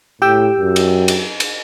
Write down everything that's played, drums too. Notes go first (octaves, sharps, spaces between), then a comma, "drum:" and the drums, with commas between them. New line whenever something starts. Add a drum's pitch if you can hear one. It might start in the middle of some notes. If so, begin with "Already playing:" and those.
A2 G4 G5 E6
F#2
drum: cymbal
drum: cymbal
drum: cymbal